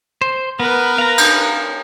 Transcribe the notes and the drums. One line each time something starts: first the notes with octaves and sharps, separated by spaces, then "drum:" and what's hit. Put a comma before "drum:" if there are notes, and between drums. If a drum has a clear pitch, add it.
C5
B3 A#4 B4
F5 A#5
drum: cymbal